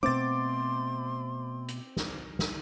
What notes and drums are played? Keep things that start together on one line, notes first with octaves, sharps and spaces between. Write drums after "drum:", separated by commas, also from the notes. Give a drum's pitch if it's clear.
B2 A3 C4 C6 D6 A6
drum: hi-hat
drum: snare
drum: snare